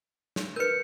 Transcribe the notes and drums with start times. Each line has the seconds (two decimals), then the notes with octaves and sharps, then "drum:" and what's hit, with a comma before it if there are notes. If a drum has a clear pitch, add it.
0.36 drum: snare
0.56 A#4 B4 G6 C#7